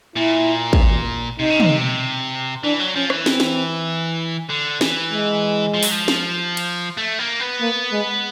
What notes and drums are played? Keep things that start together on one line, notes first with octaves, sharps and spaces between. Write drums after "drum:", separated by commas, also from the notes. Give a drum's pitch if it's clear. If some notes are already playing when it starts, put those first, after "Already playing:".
A#2 E4
drum: kick
C3 D#4
C#3
C3, drum: tom
E3 D4
F#3
F3 C#4
E3, drum: rim click
C4, drum: snare
drum: snare
D3
E3, drum: snare
G#3
F3
F#3, drum: open hi-hat
F3
drum: snare
drum: cymbal
A3
A#3
B3
A#3
G#3